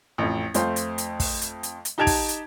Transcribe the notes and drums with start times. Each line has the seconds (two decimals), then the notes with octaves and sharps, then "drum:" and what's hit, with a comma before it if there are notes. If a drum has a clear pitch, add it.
0.18 A1 F2
0.54 F2 A3 C5 F5, drum: hi-hat
0.76 drum: hi-hat
0.98 drum: hi-hat
1.20 drum: kick, open hi-hat
1.41 drum: hi-hat
1.63 drum: hi-hat
1.85 drum: hi-hat
1.98 D#4 G4 A5 G#6 D7 F7
2.07 drum: kick, open hi-hat
2.29 drum: hi-hat